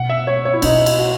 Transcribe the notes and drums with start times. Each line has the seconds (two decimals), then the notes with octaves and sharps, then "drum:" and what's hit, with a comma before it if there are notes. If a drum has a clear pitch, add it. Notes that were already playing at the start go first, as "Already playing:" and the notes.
Already playing: B2 F#5
0.10 E5
0.27 C#5
0.45 C#5
0.53 E4
0.62 B2 D#4, drum: cymbal
0.86 drum: cymbal
0.99 F#4